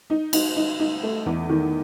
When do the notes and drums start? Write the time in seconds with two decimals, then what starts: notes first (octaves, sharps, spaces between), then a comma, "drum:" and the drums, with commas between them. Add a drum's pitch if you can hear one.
0.10 D#4
0.33 D#4, drum: cymbal
0.56 D#4
0.80 D#4
1.03 A3
1.26 E2
1.49 D#3